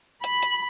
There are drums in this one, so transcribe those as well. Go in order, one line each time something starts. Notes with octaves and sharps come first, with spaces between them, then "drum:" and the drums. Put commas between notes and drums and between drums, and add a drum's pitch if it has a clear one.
B5, drum: hi-hat
drum: hi-hat